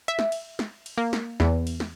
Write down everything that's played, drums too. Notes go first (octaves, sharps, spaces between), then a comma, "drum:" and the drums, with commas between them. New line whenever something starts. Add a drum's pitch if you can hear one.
E5
drum: snare
drum: cymbal
drum: snare
drum: cymbal
A#3
drum: snare
E2, drum: snare
drum: cymbal
drum: snare